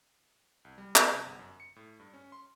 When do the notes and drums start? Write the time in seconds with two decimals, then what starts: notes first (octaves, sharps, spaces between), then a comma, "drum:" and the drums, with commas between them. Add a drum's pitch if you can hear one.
0.65 C2
0.78 G3
0.96 G#4, drum: clap
1.12 C3
1.26 G1
1.39 F#2
1.60 C#7
1.76 A2
2.00 G2
2.14 C#4
2.32 C6